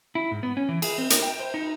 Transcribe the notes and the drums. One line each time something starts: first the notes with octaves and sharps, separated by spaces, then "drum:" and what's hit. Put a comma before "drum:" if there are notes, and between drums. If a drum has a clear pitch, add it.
E4
G#2
B3
C#4
E3
G#4, drum: cymbal
C4
A#4, drum: hi-hat
G5
C5
D#4